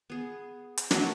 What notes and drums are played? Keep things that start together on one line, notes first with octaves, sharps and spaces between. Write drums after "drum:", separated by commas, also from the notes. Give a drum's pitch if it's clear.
B3 G#4
drum: hi-hat
F#3 A3 A#4 E5, drum: snare